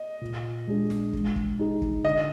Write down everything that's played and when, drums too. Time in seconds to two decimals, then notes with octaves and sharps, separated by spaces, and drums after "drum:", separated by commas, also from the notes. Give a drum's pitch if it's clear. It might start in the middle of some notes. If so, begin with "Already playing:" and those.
Already playing: D#5
0.21 A#2
0.67 G#3 D4 G#4
0.90 drum: snare
1.13 G#3, drum: kick
1.36 drum: kick
1.59 D#4 G#4
1.82 drum: kick
2.04 D3 D#5